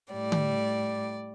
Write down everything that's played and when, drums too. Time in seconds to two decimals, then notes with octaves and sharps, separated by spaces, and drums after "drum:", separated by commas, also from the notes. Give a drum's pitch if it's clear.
0.12 A2 G3 D5
0.32 drum: tom D3